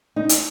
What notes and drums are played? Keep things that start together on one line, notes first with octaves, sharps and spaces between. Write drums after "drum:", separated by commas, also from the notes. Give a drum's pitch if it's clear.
D#4
drum: hi-hat